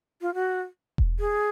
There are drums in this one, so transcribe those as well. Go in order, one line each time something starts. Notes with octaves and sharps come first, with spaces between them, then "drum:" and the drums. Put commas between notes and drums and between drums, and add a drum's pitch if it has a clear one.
F4
F#4
drum: kick E1
G#4